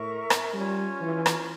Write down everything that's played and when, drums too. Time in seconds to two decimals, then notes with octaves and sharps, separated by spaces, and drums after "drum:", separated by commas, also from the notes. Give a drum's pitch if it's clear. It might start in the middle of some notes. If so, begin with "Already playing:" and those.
Already playing: A2 A#4 E5 A#5 C#6
0.30 drum: rim click
0.54 G3 C#4 F4 C#5
1.01 E3
1.26 drum: rim click